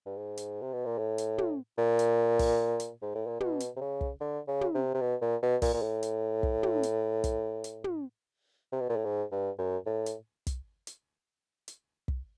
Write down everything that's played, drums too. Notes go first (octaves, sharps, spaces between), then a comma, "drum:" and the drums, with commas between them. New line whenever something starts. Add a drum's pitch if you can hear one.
G2
G#2
drum: hi-hat
C3
B2
A#2
A2
drum: hi-hat
drum: tom
A#2
drum: hi-hat
drum: kick, open hi-hat
drum: hi-hat
G#2
A2
A#2
B2, drum: tom
drum: hi-hat
C3
C#3
drum: kick
D3
C#3
drum: tom
C3
C3
B2
A#2
B2
A#2, drum: kick, open hi-hat
A#2
A2
drum: hi-hat
drum: kick
drum: tom
drum: hi-hat
drum: kick, hi-hat
drum: hi-hat
drum: tom
C3
B2
A#2
A2
G#2
G2
F#2
A2
drum: hi-hat
drum: kick, hi-hat
drum: hi-hat
drum: hi-hat
drum: kick